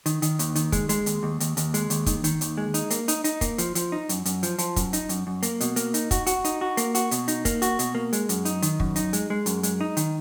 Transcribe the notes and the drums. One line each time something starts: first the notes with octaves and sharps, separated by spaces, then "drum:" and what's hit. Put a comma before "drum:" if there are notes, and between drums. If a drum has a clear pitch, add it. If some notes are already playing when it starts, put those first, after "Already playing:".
D#3, drum: hi-hat
D#3, drum: hi-hat
D#2, drum: hi-hat
D#3, drum: hi-hat
G#3, drum: kick, hi-hat
G#3, drum: hi-hat
D#2, drum: hi-hat
D#2
D#2, drum: hi-hat
D#2, drum: hi-hat
G#3, drum: hi-hat
D#2, drum: hi-hat
D#3, drum: kick, hi-hat
D#3, drum: hi-hat
D#2, drum: hi-hat
G#3
D#4, drum: hi-hat
A#3, drum: hi-hat
D#4, drum: hi-hat
D#4, drum: hi-hat
A#3, drum: kick, hi-hat
F3, drum: hi-hat
F3, drum: hi-hat
D#4
F#2, drum: hi-hat
F#2, drum: hi-hat
F3, drum: hi-hat
F3, drum: hi-hat
F#2, drum: kick, hi-hat
D#4, drum: hi-hat
F#2, drum: hi-hat
F#2
A#3, drum: hi-hat
B2, drum: hi-hat
A#3, drum: hi-hat
D#4, drum: hi-hat
F#4, drum: kick, hi-hat
F#4, drum: hi-hat
D#4, drum: hi-hat
F#4
A#3, drum: hi-hat
F#4, drum: hi-hat
B2, drum: hi-hat
D#4, drum: hi-hat
A#3, drum: kick, hi-hat
F#4, drum: hi-hat
B2, drum: hi-hat
A#3
G#3, drum: hi-hat
F#2, drum: hi-hat
D#4, drum: hi-hat
D#3, drum: hi-hat
F#2, drum: kick
D#4, drum: hi-hat
G#3, drum: hi-hat
G#3
F#2, drum: hi-hat
G#3, drum: hi-hat
D#4
D#3, drum: hi-hat